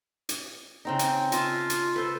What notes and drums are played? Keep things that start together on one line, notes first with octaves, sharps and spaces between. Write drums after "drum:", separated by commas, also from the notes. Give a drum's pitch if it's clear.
drum: hi-hat
C#3 C4 D#4
G5, drum: hi-hat
F4 D#5 E5 A5, drum: hi-hat
drum: hi-hat
A4 B4 C5